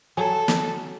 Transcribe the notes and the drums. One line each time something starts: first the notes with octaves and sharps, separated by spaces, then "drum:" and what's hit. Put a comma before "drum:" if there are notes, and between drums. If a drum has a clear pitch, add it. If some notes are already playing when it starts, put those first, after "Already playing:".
F#3 A4 G#5
drum: snare